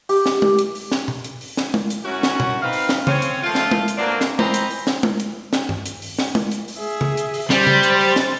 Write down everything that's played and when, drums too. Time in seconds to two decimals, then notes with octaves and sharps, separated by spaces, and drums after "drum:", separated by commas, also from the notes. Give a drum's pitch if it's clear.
0.09 G4, drum: open hi-hat
0.26 drum: snare
0.42 drum: tom G#3
0.59 drum: hi-hat
0.75 drum: open hi-hat
0.92 drum: snare
1.08 drum: tom B2
1.24 drum: hi-hat
1.41 drum: open hi-hat
1.57 drum: snare
1.74 drum: tom G#3
1.90 drum: hi-hat
2.05 F#2 C#4 E4 F#4
2.23 drum: snare
2.40 drum: tom B2
2.62 C4 D#4 B4 F5
2.73 drum: open hi-hat
2.89 drum: snare
3.07 C4 C#4 C#5, drum: tom C#3
3.22 drum: hi-hat
3.43 F3 A3 A#3 F4
3.55 drum: snare
3.71 drum: tom G#3
3.88 drum: hi-hat
3.97 B2 A#3 C4 D4
4.21 drum: snare
4.39 E3 C4 B4 C5 D#5 A#5, drum: tom G#3
4.54 drum: hi-hat
4.70 drum: open hi-hat
4.87 drum: snare
5.03 drum: tom G#3
5.20 drum: hi-hat
5.53 drum: snare
5.69 drum: tom G2
5.86 drum: hi-hat
6.02 drum: open hi-hat
6.19 drum: snare
6.35 drum: tom G#3
6.51 drum: hi-hat
6.68 drum: open hi-hat
6.79 G#4 E5
7.01 drum: tom C#3
7.17 drum: hi-hat
7.34 drum: open hi-hat
7.50 G3 C5 A6, drum: snare
7.67 drum: tom C#3
7.83 drum: hi-hat
8.00 drum: open hi-hat
8.16 drum: snare